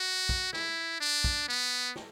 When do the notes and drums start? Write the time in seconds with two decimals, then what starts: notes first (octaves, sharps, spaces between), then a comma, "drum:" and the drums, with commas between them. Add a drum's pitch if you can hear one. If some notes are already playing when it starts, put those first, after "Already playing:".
Already playing: F#4
0.29 drum: kick
0.53 E4, drum: snare
1.01 D4
1.24 drum: kick
1.49 B3
1.96 drum: snare